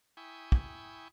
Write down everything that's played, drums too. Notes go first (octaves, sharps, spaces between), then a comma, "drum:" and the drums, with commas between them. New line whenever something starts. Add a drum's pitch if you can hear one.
E4 G5 G#5 B5 C#6 D#6
drum: kick